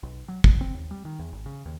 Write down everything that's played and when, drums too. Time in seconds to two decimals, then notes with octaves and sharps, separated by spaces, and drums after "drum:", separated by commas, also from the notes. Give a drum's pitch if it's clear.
0.03 B1
0.28 F#3
0.44 F1, drum: kick
0.61 C4
0.74 D#2
0.91 G3
1.05 D#3
1.19 E2
1.32 G#1
1.46 C#3
1.66 D#2